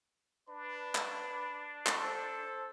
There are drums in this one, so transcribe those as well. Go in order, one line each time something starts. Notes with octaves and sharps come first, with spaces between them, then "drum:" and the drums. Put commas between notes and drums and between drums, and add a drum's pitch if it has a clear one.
D4 B4 B5
drum: clap
drum: clap
A4 C5